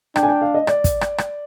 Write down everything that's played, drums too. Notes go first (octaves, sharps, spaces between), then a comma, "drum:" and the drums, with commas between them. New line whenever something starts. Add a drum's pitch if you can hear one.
D4 G5, drum: rim click
G#5
G5
F5
D#5
D5, drum: rim click
drum: kick, hi-hat
drum: rim click
drum: rim click